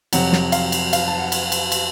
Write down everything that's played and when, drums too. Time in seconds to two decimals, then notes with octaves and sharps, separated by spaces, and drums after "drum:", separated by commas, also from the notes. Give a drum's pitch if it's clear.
0.13 F2 C3 F#3 F#5, drum: cymbal
0.33 drum: snare
0.52 F5, drum: cymbal
0.72 drum: cymbal
0.93 F5, drum: cymbal
1.08 A5
1.18 F#5
1.32 drum: cymbal
1.52 drum: cymbal
1.72 drum: cymbal